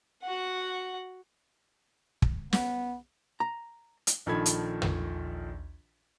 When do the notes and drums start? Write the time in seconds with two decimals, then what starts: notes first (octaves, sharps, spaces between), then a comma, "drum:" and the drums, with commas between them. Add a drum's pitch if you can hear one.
0.24 F#4 F#5
2.22 drum: kick
2.53 B3, drum: snare
3.40 A#5
4.07 drum: hi-hat
4.26 A#1 D#3 F3 A4 B5 G#6
4.46 drum: hi-hat
4.82 drum: tom